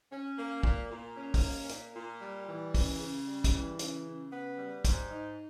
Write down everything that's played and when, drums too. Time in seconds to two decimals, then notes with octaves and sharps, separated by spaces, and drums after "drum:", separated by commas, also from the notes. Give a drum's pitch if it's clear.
0.11 C#4
0.38 A#3
0.63 A#2, drum: kick
0.91 A#2
1.17 C#4
1.34 drum: kick, open hi-hat
1.43 A#3
1.69 A#2, drum: hi-hat
1.96 A#2
2.21 G3
2.48 E3
2.74 C#3, drum: kick, open hi-hat
3.01 C#3
3.26 G3
3.44 drum: kick, hi-hat
3.54 E3
3.79 C#3, drum: hi-hat
4.06 C#3
4.33 B3
4.58 G3
4.85 G#2, drum: kick, hi-hat
5.11 D#4